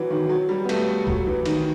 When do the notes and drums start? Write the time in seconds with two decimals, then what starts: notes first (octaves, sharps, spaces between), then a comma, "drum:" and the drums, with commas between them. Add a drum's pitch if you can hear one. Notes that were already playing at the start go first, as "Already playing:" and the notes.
Already playing: E3 F#3
0.11 D#3
0.29 F#3
0.49 G3
0.64 B3
0.69 A3, drum: cymbal
1.07 F#3, drum: kick A#1
1.27 E3
1.46 D#3, drum: cymbal